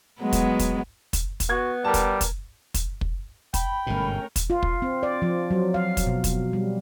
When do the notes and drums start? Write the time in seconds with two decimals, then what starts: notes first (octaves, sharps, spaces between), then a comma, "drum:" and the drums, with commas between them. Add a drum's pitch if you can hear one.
0.21 F#3 G#3 B3
0.32 drum: kick, hi-hat
0.59 drum: kick, hi-hat
1.13 drum: kick, hi-hat
1.40 drum: kick, hi-hat
1.50 B3 F#4 G#6
1.85 G3 A#4 A5
1.94 drum: kick, hi-hat
2.21 drum: kick, hi-hat
2.74 drum: kick, hi-hat
3.01 drum: kick
3.54 G5 B5, drum: kick, hi-hat
3.87 G1 G#2 B2 A3 C#4 A#4
4.36 drum: kick, hi-hat
4.50 F4
4.63 drum: kick
4.82 C4
5.03 D5
5.22 F3
5.51 F#3
5.74 F5
5.97 drum: kick, hi-hat
6.07 B2
6.24 drum: kick, hi-hat
6.53 G3